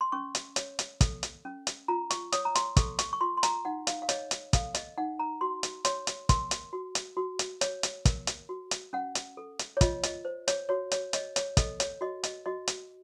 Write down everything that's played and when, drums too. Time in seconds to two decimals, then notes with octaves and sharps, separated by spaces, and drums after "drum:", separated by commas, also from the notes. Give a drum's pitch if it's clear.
0.01 C6
0.12 C#4 C#6
0.35 drum: hi-hat
0.56 C#5, drum: hi-hat
0.79 drum: hi-hat
1.01 A4, drum: kick, hi-hat
1.23 drum: hi-hat
1.45 C#4
1.67 drum: hi-hat
1.88 F4 A#5
2.10 C#6, drum: hi-hat
2.32 C#5 D#6, drum: hi-hat
2.45 A#5
2.55 C6, drum: hi-hat
2.76 A4 C#6, drum: kick, hi-hat
2.99 C#6, drum: hi-hat
3.13 C#6
3.21 F4 C6
3.37 C6
3.43 A#5, drum: hi-hat
3.65 D#4 F#5
3.87 F5, drum: hi-hat
4.02 F5
4.09 C#5 D#5, drum: hi-hat
4.31 drum: hi-hat
4.53 A4 F5, drum: kick, hi-hat
4.75 D#5, drum: hi-hat
4.98 D#4 F#5
5.19 A#5
5.41 F#4 C6
5.63 drum: hi-hat
5.85 C#5 C6, drum: hi-hat
6.07 drum: hi-hat
6.29 A#4 C6, drum: kick, hi-hat
6.51 drum: hi-hat
6.73 F#4
6.95 drum: hi-hat
7.17 F#4
7.39 drum: hi-hat
7.61 C#5, drum: hi-hat
7.83 drum: hi-hat
8.05 A#4, drum: kick, hi-hat
8.27 drum: hi-hat
8.49 F#4
8.71 drum: hi-hat
8.93 C#4 F#5
9.15 drum: hi-hat
9.37 A4
9.59 drum: hi-hat
9.77 C#5
9.81 F4 D#5, drum: kick, hi-hat
10.03 D#5, drum: hi-hat
10.25 C5
10.48 C#5, drum: hi-hat
10.69 F#4 C#5
10.91 C#5, drum: hi-hat
11.13 C#5 D#5, drum: hi-hat
11.36 C#5, drum: hi-hat
11.57 A4 D#5, drum: kick, hi-hat
11.80 C#5, drum: hi-hat
12.01 F#4 D#5
12.23 D#5, drum: hi-hat
12.46 F#4 D#5
12.67 drum: hi-hat